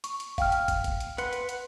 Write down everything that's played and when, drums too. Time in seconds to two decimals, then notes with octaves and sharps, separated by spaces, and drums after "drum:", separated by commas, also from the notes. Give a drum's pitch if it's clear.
0.04 C#6, drum: hi-hat
0.20 drum: hi-hat
0.38 F5 G5 F6, drum: kick, open hi-hat
0.52 drum: hi-hat
0.68 drum: kick, hi-hat
0.84 drum: kick, hi-hat
1.00 drum: hi-hat
1.18 B4 F#5 C6, drum: hi-hat
1.33 drum: hi-hat
1.49 drum: hi-hat